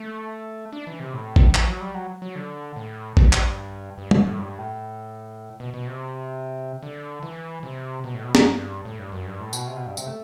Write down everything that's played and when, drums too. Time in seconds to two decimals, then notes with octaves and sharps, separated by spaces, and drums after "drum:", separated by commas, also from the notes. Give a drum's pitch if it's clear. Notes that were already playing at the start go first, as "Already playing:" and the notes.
Already playing: A3
0.73 D4
0.87 E3
1.00 C3
1.14 A2
1.36 drum: kick
1.54 E3, drum: clap
1.67 F#3
1.81 G3
1.95 F#3
2.22 F#3
2.36 D3
2.76 A2
3.17 G2, drum: kick
3.33 drum: clap
3.98 G2
4.11 F#2, drum: tom G3
4.24 A2
4.39 G2
4.58 A2
5.60 B2
5.74 B2
5.87 C3
6.83 D3
7.23 E3
7.63 C3
8.04 B2
8.14 A2
8.24 B2
8.35 G2, drum: snare
8.45 G2
8.85 A2
8.99 G2
9.12 F#2
9.26 G2
9.40 A2
9.53 B2, drum: tambourine
9.67 C3
9.77 B2
9.87 G2
9.97 C3, drum: tambourine
10.07 A3